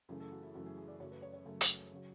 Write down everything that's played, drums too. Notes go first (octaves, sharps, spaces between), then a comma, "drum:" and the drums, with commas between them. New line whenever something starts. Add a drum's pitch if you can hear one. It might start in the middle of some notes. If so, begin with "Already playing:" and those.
F#2 C#3 E3 A3 G#4
A4
F#4
E4
F#2 C#3 E3 A3 F#4
G#4
G#4
D5
F#2 C#3 F#3 A3 C#5
B4
C#5
C#5
F#2 C#3 F#3 A3
drum: hi-hat
C#3 F#3